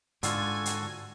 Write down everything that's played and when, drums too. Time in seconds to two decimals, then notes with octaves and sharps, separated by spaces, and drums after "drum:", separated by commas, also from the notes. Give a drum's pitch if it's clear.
0.23 G#2 D3 F4 F#4 A4 G#5, drum: hi-hat
0.66 drum: hi-hat